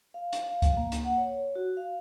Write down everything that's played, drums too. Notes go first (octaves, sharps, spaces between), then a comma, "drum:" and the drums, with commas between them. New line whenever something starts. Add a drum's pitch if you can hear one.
F5
drum: hi-hat
F5
drum: kick C#2, hi-hat
A#3
drum: hi-hat
F#5
C#5
F#4
F5